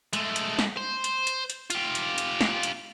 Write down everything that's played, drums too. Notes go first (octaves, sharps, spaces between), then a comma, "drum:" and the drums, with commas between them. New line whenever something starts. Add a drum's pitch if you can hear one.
G#3 A3, drum: hi-hat
drum: hi-hat
drum: snare
C5
drum: hi-hat
drum: hi-hat
drum: hi-hat
F4 G4, drum: hi-hat
drum: hi-hat
drum: hi-hat
drum: snare
drum: hi-hat